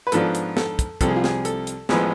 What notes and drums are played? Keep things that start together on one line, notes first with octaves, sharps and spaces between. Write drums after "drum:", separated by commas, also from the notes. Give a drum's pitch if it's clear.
B4
G#2 F3 B3 D4 F4 A4, drum: hi-hat
drum: hi-hat
A4, drum: snare
drum: kick, hi-hat
C2 C3 F3 A4, drum: kick, hi-hat
G#4
F4
G#4, drum: snare
A4, drum: hi-hat
drum: hi-hat
A1 A2 F3 G#3 B3 G#4, drum: snare